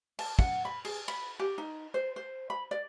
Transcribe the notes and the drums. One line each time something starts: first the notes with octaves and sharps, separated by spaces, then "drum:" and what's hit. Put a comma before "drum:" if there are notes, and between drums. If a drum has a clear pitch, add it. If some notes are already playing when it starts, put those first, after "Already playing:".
A5, drum: cymbal
F#5, drum: kick
B5
G#4, drum: cymbal
B5, drum: cymbal
G4
D#4
C5
C5
B5
D5